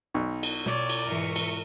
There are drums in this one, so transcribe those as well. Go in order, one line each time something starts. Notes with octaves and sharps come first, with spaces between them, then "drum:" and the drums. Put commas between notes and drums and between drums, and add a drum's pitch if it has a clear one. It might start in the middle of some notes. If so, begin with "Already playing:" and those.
B1 D#4
drum: cymbal
B2 C#5 D5, drum: snare
drum: cymbal
G#2 E3 A#4 C#6
drum: cymbal